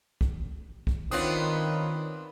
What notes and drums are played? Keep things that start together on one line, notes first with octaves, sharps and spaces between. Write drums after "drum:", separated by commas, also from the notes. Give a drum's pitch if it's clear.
drum: kick
drum: kick
D#3 B3 C4 D4 F4 C#5 D#6, drum: hi-hat